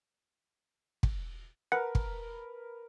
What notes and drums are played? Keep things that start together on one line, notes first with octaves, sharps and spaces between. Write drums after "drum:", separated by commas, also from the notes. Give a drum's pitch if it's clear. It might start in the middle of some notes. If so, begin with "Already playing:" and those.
drum: kick
A#4 B4 F#5
drum: kick